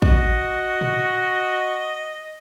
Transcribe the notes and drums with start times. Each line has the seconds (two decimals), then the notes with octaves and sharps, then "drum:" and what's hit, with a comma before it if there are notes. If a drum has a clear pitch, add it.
0.02 F#4 D#5, drum: kick
0.81 drum: tom A2